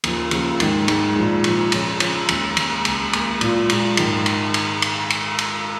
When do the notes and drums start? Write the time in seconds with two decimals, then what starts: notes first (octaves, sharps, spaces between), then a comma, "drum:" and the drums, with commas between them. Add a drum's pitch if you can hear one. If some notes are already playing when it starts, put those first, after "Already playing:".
0.04 D#2 C#3 F3, drum: cymbal
0.31 D#2 C#3 F3, drum: cymbal
0.60 G#2 D#3 G#3 D#4, drum: cymbal
0.88 G#2 D#3 G#3 D#4, drum: cymbal
1.16 A#2 F3 G#3
1.44 A#2 F3 G#3, drum: cymbal
1.72 C#3 F3 C#4 G#4 C#5, drum: cymbal
2.00 C#3 F3 C#4 G#4 C#5, drum: cymbal
2.29 D#2 D#3 G#3 C#4, drum: cymbal
2.57 D#2 D#3 G#3 C#4, drum: cymbal
2.85 C#2 C#3 A#3, drum: cymbal
3.13 C#2 C#3 A#3, drum: cymbal
3.41 A#2 G#3 F4, drum: cymbal
3.70 A#2 G#3 F4, drum: cymbal
3.97 G#2 D#3 G#3, drum: cymbal
4.26 drum: cymbal
4.54 drum: cymbal
4.82 drum: cymbal
5.10 drum: cymbal
5.38 drum: cymbal